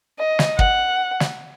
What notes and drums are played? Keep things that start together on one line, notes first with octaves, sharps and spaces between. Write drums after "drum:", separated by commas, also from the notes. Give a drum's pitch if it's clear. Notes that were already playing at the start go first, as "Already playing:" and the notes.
D#5
drum: snare
F#5, drum: kick
drum: snare